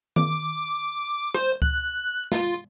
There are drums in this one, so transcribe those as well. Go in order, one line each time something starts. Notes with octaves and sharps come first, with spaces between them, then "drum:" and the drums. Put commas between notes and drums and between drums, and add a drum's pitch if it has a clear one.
D6, drum: tom D#3
C5, drum: rim click
F#6, drum: kick C#2
F4, drum: snare